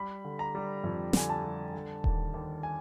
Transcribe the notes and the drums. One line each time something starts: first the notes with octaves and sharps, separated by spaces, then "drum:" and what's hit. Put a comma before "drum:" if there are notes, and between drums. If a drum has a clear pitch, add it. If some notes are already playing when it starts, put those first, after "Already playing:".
Already playing: G3 B5
D3
A#5
G3
F2
D3 G#5, drum: snare
A5
G3
D3
D#2, drum: kick D#1
D#2
G#5